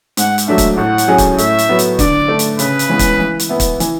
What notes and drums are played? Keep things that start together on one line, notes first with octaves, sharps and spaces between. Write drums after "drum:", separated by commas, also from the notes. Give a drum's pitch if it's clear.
G#2 F#5, drum: hi-hat
drum: hi-hat
F#3 A3 D4 E5
drum: kick, hi-hat
A2 F#5
drum: hi-hat
F#3 C#4 G#4
drum: kick, hi-hat
A2 E5, drum: hi-hat
drum: hi-hat
F#3 B3
drum: hi-hat
D3 D5, drum: kick, hi-hat
A3 D4
drum: hi-hat
C#3 B4, drum: hi-hat
drum: hi-hat
E3 G#3 B3
drum: kick, hi-hat
E3
drum: hi-hat
B3 E4
drum: kick, hi-hat
E3, drum: hi-hat